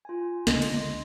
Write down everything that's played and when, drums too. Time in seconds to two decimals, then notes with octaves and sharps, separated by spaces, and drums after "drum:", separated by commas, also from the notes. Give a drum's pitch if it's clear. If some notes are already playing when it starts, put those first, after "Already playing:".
0.05 F4 G#5
0.47 C#2 D3 D#5 C6, drum: snare
0.62 drum: cymbal